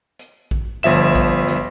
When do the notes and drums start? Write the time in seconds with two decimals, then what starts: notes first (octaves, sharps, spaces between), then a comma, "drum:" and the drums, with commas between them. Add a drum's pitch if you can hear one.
0.19 drum: hi-hat
0.51 drum: kick A1
0.83 G1 F3 E5 E7, drum: hi-hat
1.15 drum: kick A1, hi-hat
1.47 drum: snare